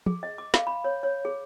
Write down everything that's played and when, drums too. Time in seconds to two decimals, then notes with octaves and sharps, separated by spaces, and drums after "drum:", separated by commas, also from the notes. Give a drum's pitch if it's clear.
0.06 G#4, drum: tom
0.23 D#5
0.38 D6
0.54 F5, drum: snare
0.67 B5
0.84 C#5
1.03 C#5
1.25 G#4